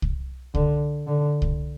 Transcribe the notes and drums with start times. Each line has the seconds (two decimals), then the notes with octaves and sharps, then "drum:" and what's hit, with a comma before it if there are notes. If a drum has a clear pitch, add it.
0.02 drum: kick C2
0.55 D3, drum: kick C2
1.07 D3
1.42 drum: kick C2